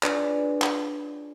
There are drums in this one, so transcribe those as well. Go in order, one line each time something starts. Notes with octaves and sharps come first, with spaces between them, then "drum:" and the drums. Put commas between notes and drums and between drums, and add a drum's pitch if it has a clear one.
D4 F4 G#4 B4 C#5 D5, drum: clap
drum: clap